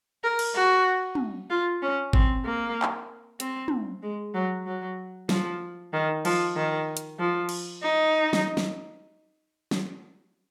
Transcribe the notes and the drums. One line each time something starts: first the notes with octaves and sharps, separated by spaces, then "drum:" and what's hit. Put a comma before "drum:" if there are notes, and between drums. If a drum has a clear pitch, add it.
A#4
drum: cymbal
F#4
drum: tom
F4
C#4
C4, drum: kick G1
A#3
drum: clap
C4, drum: hi-hat
drum: tom
G#3
F#3
F#3
F3, drum: snare
D#3
F3, drum: cymbal
D#3
drum: hi-hat
F3
drum: cymbal
D#4
drum: snare
drum: snare
drum: snare